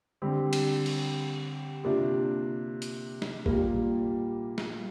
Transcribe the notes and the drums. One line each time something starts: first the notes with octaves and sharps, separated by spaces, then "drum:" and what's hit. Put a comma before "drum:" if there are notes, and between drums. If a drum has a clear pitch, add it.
D3 G3 C4 G4
drum: cymbal
drum: cymbal
C3 A#3 D4 F4
drum: hi-hat
drum: snare
A#2 G3 A#3, drum: kick A1
drum: snare